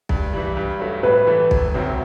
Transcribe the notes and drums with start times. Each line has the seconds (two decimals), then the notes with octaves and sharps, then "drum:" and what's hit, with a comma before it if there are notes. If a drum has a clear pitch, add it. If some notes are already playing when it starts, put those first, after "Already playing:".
0.09 G2, drum: kick B1
0.33 E3 G3
0.57 G2
0.80 F#3 A3
1.03 A2 B4
1.27 E3 A3
1.51 E1, drum: kick B1
1.74 D2 C3 F#3 C4